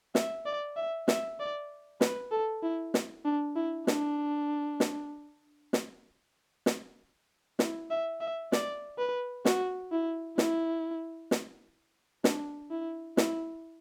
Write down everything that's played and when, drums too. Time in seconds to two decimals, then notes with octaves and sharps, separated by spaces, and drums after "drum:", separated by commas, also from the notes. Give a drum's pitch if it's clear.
0.15 E5, drum: snare
0.46 D5
0.77 E5
1.08 E5, drum: snare
1.40 D5
2.01 B4, drum: snare
2.32 A4
2.63 E4
2.94 drum: snare
3.25 D4
3.56 E4
3.87 D4, drum: snare
4.80 drum: snare
5.73 drum: snare
6.66 drum: snare
7.59 E4, drum: snare
7.90 E5
8.21 E5
8.52 D5, drum: snare
8.98 B4
9.45 F#4, drum: snare
9.92 E4
10.38 E4, drum: snare
11.31 drum: snare
12.24 D4, drum: snare
12.71 E4
13.17 E4, drum: snare